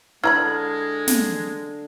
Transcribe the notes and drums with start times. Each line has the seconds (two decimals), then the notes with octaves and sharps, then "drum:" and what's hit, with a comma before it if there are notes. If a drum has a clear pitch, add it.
0.24 D3 G#3 E4 A#5 B5 F6 G#6
1.07 drum: snare